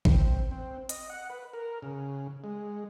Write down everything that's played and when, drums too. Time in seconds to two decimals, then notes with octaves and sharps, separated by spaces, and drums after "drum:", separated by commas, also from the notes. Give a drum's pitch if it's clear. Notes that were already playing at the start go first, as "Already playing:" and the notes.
0.05 C4, drum: kick G#1
0.51 C4
0.89 D#5, drum: hi-hat
1.10 F#5
1.30 B4
1.53 A#4
1.82 C#3
2.44 G#3